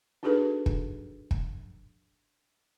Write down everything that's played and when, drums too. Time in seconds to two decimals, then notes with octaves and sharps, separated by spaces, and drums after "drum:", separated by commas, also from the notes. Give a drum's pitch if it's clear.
0.23 D4 D#4 F#4 G#4 A4 B4
0.66 drum: kick
1.31 drum: kick